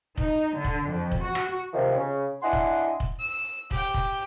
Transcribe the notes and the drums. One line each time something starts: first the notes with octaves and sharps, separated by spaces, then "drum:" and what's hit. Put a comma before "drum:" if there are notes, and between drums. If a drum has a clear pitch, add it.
D#4, drum: kick
D3
drum: kick
F2
drum: kick
F#4
drum: rim click
C3 D#3 F3
C#3
D4 E4 D#5 F#5 G#5 C6
drum: kick
drum: kick
E6
G4 G5, drum: kick
drum: kick